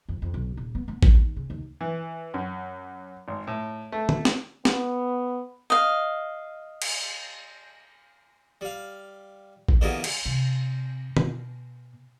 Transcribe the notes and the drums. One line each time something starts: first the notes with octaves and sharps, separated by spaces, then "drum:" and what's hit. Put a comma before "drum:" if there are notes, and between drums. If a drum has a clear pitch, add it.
F2
F2
B1
D#1
B3
B3
A#2, drum: kick
D#2
C#3
D#2
E3
F#2
G#1
A2
A3
drum: tom
drum: snare
B3, drum: snare
D#5 F5
drum: cymbal
G3 F5
drum: kick
B2 D3 E3 G3 A#3 G#4
drum: cymbal
C3
B2, drum: tom